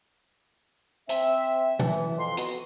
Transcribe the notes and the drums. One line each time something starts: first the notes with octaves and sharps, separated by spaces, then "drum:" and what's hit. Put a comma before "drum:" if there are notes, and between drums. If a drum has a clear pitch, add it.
C4 E5, drum: hi-hat
E3, drum: tom
F2 C6
B3 F#4, drum: hi-hat